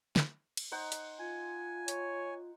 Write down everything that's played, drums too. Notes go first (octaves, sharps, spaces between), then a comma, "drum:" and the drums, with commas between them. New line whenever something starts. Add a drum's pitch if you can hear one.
drum: snare
drum: cymbal
D#4 C5 F#5
drum: hi-hat
F4 G#5
C#5, drum: hi-hat